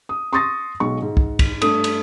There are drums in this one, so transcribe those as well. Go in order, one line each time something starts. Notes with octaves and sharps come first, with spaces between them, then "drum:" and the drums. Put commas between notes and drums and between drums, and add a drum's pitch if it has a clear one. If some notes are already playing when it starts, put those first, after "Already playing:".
D#6
C6 C#6 D#6 A6 A#6
B1 G#3 C#6
G#2
drum: kick
drum: kick, cymbal
G2 A3 D#6, drum: cymbal
drum: cymbal